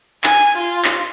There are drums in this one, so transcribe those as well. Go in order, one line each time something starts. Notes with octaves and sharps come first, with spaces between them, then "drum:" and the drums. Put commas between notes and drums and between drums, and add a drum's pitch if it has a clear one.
G#5, drum: clap
F4
drum: clap